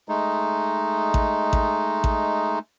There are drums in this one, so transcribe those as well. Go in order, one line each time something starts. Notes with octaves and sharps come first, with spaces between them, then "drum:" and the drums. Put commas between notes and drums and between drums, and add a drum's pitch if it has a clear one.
G#3 A3 D#4
drum: kick A1
drum: kick A1
drum: kick A1